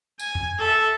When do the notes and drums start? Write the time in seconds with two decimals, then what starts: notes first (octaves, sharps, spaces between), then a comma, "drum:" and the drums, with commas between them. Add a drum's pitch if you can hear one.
0.19 G#5, drum: tambourine
0.35 drum: tom E2
0.58 A4 E5